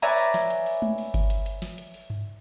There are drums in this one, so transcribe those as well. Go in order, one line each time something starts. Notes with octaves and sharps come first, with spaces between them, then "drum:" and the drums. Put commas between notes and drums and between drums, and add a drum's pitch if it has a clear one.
B4 C#5 D5 E5 G#5 A#5, drum: hi-hat
drum: hi-hat
drum: snare
drum: hi-hat
drum: open hi-hat
drum: tom G#3
drum: open hi-hat
drum: kick G1, hi-hat
drum: hi-hat
drum: hi-hat
drum: snare
drum: hi-hat
drum: open hi-hat
drum: tom G2